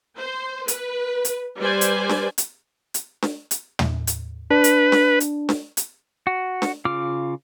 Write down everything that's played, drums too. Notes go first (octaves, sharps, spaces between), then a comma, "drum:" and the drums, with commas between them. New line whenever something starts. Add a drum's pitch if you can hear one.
C5
B4, drum: hi-hat
drum: hi-hat
G3 B4 C5 D5 G#5
drum: hi-hat
drum: snare D4
drum: hi-hat
drum: hi-hat
drum: snare D4
drum: hi-hat
drum: tom
drum: hi-hat
D4 B4
drum: hi-hat
drum: snare D4
drum: hi-hat
drum: snare D4
drum: hi-hat
F#4
drum: snare D4
C#3 F4 D6 F6